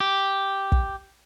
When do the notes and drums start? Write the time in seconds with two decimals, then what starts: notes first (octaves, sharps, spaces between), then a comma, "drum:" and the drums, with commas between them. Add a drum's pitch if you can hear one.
0.01 G4
0.72 drum: kick